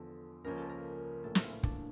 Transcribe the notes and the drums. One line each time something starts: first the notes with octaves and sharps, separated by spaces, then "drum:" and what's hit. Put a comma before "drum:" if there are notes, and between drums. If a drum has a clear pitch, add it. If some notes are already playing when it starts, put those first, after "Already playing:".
Already playing: E2 D3 F3 A4
C#2 C#3 F3 A#3 C#4 A#4
A4
A#4
A#1 A2 E3 A#3 C#4 A4
E4, drum: snare
F4
D4, drum: kick